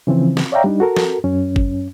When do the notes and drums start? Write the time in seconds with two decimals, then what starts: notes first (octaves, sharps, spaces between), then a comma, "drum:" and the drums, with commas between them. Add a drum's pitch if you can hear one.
0.07 C#3 E3 F3 C4
0.37 drum: snare
0.52 C#5 D5 E5 F5 G5 A#5
0.64 G3 D4 D#4
0.80 F#4 A4 A#4
0.96 drum: snare
1.24 F#2 C#4
1.56 drum: kick G1